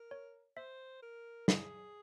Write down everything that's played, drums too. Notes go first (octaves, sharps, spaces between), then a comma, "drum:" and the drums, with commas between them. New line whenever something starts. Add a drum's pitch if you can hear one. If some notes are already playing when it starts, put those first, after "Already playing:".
Already playing: A#4
C#5
C5 E5
A#4
G#4 E5, drum: snare